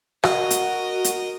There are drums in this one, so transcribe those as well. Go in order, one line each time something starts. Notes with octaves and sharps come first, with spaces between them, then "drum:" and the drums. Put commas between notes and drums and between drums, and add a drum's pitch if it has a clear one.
F#4 A#4 D#5, drum: rim click
drum: hi-hat
drum: hi-hat